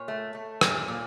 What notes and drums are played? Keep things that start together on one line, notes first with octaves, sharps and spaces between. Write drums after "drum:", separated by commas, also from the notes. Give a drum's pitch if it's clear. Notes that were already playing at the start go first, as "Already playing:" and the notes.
Already playing: A#2 C#5
A3
A3
A#2, drum: rim click
A#2